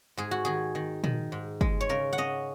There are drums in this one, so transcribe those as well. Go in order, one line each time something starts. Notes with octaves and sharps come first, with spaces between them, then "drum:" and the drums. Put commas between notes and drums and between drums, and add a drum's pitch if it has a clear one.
G#2 G#4
F#4
D#3 G#4
D#3
D#3, drum: tom A#2
G#2
G#3, drum: kick
C#5
C#3 A#4
F#5
C#4 D#5